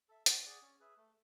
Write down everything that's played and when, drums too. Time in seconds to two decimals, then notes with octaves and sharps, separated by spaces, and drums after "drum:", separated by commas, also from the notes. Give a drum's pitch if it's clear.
0.09 A4 E5
0.26 D4, drum: hi-hat
0.43 G#4 D5 F#5
0.62 C#4
0.80 G#4 B4 E5
0.97 A3